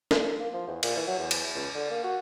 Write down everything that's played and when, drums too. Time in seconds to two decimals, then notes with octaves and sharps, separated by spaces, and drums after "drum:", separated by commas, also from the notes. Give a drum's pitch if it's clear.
0.11 drum: snare
0.39 A#3
0.53 F3
0.67 E2
0.83 A#2, drum: cymbal
0.96 E3
1.07 F#3
1.19 E2
1.31 drum: cymbal
1.55 C#2
1.75 D3
1.91 A#3
2.04 F#4